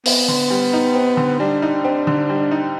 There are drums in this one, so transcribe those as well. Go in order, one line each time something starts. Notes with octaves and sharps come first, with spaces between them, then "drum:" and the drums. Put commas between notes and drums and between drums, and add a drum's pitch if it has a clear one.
B3 C4, drum: open hi-hat
D3
G3
D#4
C4
D3
G3 D4
D#4
C4
D3
G3
D#4